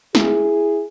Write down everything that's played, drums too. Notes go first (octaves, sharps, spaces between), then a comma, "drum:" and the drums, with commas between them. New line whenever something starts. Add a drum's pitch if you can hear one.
E4 G#4, drum: snare